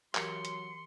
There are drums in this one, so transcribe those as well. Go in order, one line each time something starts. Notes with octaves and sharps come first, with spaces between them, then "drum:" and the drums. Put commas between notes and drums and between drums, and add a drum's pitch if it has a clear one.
E3 F#3 G4 A#4 C6 C#7, drum: clap
drum: hi-hat